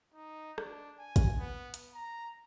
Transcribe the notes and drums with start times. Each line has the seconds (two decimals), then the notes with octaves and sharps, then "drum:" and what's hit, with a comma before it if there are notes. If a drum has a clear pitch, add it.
0.14 D#4
0.58 D4, drum: rim click
0.99 G#5
1.16 drum: kick, hi-hat
1.37 B3
1.74 drum: hi-hat
1.94 A#5